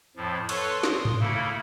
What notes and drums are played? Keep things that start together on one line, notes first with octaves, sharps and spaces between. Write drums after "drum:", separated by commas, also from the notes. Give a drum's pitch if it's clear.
F2 A2 F3
A4 B4 C#5 A5 C6 C#6, drum: cymbal
C6 D#6, drum: snare
drum: tom G#2
C#3 A3 A#3 E4 A4